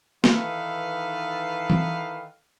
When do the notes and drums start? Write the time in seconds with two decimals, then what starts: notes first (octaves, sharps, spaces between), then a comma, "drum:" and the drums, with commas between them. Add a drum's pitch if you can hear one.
0.24 D#3 E3 D#4 A4 B4 F5, drum: snare
1.70 drum: tom E3